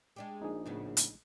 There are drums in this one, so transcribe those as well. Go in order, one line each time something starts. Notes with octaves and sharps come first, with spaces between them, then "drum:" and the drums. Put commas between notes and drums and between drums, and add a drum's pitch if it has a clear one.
G#3 D4 G4
A#1 D#4 G#4
A2 C#3 B3
drum: hi-hat